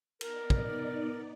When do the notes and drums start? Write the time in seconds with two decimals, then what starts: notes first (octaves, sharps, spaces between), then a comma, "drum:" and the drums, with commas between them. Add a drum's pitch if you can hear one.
0.21 B3 D#4 A#4 D5, drum: cymbal
0.50 drum: kick